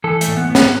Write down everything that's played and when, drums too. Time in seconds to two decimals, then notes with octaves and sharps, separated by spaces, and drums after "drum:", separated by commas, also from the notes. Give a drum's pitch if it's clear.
0.04 E3 A4
0.21 A3, drum: hi-hat
0.27 A2
0.37 B3
0.49 A2
0.55 B3, drum: snare